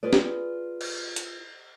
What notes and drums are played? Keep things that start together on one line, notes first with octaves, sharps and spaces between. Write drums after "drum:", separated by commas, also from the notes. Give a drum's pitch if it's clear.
F4 G#4 B4 D5
drum: snare
drum: cymbal
drum: hi-hat